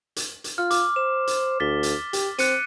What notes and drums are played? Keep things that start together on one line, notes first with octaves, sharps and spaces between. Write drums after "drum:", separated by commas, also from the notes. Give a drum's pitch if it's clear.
drum: hi-hat
drum: hi-hat
F4 F6
D6, drum: hi-hat
C5 E7
drum: hi-hat
D2 A6 B6 G7
drum: hi-hat
G4, drum: hi-hat
C4 F#6 C#7 D#7, drum: hi-hat